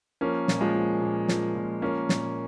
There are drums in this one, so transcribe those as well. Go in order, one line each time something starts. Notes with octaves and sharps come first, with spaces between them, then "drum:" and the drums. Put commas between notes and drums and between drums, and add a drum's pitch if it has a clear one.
F3 A#3 C#4
A#2, drum: snare
F3 G#3
F3
A#2
F3, drum: snare
A#2
F3 A#3 C#4
A#2, drum: snare